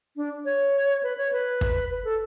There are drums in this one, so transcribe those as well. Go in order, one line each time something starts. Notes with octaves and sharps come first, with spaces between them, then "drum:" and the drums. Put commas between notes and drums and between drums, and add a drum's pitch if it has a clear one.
D4
C#5
B4
C#5
B4
drum: kick
B4
A4